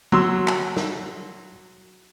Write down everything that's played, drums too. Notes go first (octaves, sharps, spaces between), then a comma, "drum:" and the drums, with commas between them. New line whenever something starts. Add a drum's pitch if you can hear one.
F#3 C6 E6, drum: tom
drum: clap
drum: snare